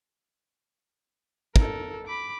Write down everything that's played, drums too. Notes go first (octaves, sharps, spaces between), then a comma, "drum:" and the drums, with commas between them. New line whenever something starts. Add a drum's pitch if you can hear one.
A4 A#4, drum: kick
B5 D6